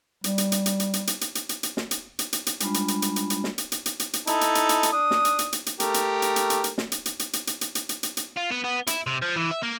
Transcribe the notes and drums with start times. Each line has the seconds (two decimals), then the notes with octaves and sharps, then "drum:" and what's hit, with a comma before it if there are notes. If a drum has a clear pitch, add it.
0.24 G3, drum: hi-hat
0.38 drum: hi-hat
0.52 drum: hi-hat
0.66 drum: hi-hat
0.80 drum: hi-hat
0.93 drum: hi-hat
1.07 drum: hi-hat
1.21 drum: hi-hat
1.35 drum: hi-hat
1.49 drum: hi-hat
1.63 drum: hi-hat
1.77 drum: snare
1.91 drum: hi-hat
2.19 drum: hi-hat
2.33 drum: hi-hat
2.47 drum: hi-hat
2.60 G3 G#3 D4 F4 B5, drum: hi-hat
2.74 drum: hi-hat
2.88 drum: hi-hat
3.02 drum: hi-hat
3.16 drum: hi-hat
3.30 drum: hi-hat
3.44 drum: snare
3.58 drum: hi-hat
3.72 drum: hi-hat
3.86 drum: hi-hat
4.00 drum: hi-hat
4.13 drum: hi-hat
4.27 D#4 E4 A4, drum: hi-hat
4.41 drum: hi-hat
4.55 drum: hi-hat
4.69 drum: hi-hat
4.83 drum: hi-hat
4.92 D4 D#6
5.11 drum: snare
5.25 drum: hi-hat
5.39 drum: hi-hat
5.53 drum: hi-hat
5.66 drum: hi-hat
5.80 A3 G4 A#4, drum: hi-hat
5.94 drum: hi-hat
6.22 drum: hi-hat
6.36 drum: hi-hat
6.50 drum: hi-hat
6.64 drum: hi-hat
6.78 drum: snare
6.92 drum: hi-hat
7.06 drum: hi-hat
7.19 drum: hi-hat
7.33 drum: hi-hat
7.47 drum: hi-hat
7.61 drum: hi-hat
7.75 drum: hi-hat
7.89 drum: hi-hat
8.03 drum: hi-hat
8.17 drum: hi-hat
8.36 F4
8.51 B3
8.64 B3
8.87 E4, drum: hi-hat
9.06 C3
9.22 F3
9.36 E3
9.51 E5
9.63 A#3